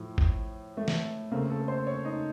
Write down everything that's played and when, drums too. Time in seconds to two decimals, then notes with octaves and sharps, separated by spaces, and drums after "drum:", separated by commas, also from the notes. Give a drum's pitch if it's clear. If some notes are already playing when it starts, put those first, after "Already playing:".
Already playing: A2 F3 A3
0.18 drum: kick G#1
0.77 A3
0.88 drum: snare
1.31 C#3 A3 A#3 C4
1.50 A4
1.68 C5
1.87 C#5
2.05 D#4